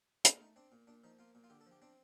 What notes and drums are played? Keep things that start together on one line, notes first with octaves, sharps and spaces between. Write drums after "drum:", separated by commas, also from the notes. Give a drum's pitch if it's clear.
A#2 D#4, drum: hi-hat
F4
A3 D#4
C4 D4
A#2
A#2 D4
F3 D#4
A#3 F4
A#2
F4
D3 G4
A4
F3
G4
C4 D4